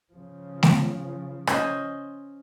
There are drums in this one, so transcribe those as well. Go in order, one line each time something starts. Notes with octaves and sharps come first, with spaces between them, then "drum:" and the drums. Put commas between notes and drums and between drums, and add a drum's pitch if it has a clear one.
C#3 F3
drum: snare
C#4 C5 D#5, drum: rim click